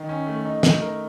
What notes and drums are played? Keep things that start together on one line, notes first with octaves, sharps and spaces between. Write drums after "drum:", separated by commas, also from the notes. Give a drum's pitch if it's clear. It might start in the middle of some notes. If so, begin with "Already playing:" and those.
Already playing: D#3
C#4
A3
D#4
A3, drum: snare
A#4